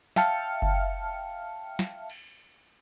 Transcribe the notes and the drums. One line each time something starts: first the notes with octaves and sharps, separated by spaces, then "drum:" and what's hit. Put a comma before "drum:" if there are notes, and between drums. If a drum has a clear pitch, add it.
E5 F5 G5 A5 F6 C#7, drum: snare
drum: kick F#1
drum: snare
drum: cymbal